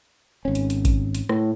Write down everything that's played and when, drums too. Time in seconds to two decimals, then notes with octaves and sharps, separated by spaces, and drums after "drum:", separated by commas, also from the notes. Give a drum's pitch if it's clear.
0.45 G#1 C#4
0.55 drum: hi-hat
0.70 drum: hi-hat
0.85 drum: kick A1, hi-hat
1.15 drum: hi-hat
1.29 A2, drum: rim click